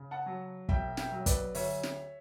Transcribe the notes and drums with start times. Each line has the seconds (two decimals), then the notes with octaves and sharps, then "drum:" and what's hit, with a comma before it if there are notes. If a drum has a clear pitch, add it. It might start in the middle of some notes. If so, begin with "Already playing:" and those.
Already playing: C#3
0.11 F#5 A5
0.26 F#3
0.69 E1 E5 G5, drum: kick
0.97 E5 G5, drum: snare
1.12 F#3
1.26 B4 D5, drum: kick, hi-hat
1.55 D2 C#5 E5, drum: open hi-hat
1.83 drum: snare